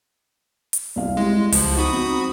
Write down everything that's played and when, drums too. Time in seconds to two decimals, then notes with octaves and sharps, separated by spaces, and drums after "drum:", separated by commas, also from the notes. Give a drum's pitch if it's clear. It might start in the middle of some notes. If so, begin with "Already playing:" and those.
0.73 drum: hi-hat
0.96 C2 C3 F5
1.17 G#3 E4 G4
1.52 C#2 F3, drum: open hi-hat
1.77 D#4 F#4 B5 D#6
1.92 C4